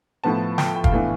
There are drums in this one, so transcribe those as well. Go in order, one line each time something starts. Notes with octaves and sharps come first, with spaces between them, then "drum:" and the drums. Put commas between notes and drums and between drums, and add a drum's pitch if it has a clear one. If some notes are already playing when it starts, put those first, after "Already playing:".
A2 F3 B3 A5
G5, drum: snare
G5
F5, drum: kick
A2 E3 B3 D4